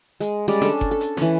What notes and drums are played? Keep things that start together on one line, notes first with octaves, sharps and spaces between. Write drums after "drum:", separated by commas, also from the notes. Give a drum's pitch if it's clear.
G#3, drum: hi-hat
G3 G#3 C#4 D5
C#4 D4 A4, drum: snare
drum: kick F#1
A4
drum: hi-hat
E3 C#4, drum: snare